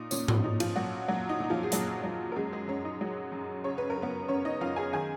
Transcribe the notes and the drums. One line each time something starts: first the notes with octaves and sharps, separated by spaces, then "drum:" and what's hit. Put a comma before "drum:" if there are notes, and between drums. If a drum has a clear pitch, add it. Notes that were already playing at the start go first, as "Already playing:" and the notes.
Already playing: A#2 D#4
A#2 C#4, drum: tambourine
drum: tom G#2
A#2 D#4
F3 F4, drum: cymbal
A#2 F#3 F#4
A#2 F#3 F#4
D#4
A#2 D#4
F3 F4
G#4
A#2 F#3 F#4, drum: hi-hat
F#3
A#4
F#2 G#3 G#4
G#3 G#4
F#2 C#4
D#4
F#3
F#2
C#3 C#5
B4
A#4
C#3
B3 B4
F#2 C#4 C#5
D#4 D#5
F#2 F4 F5
G#4 G#5
D#3 G#4 G#5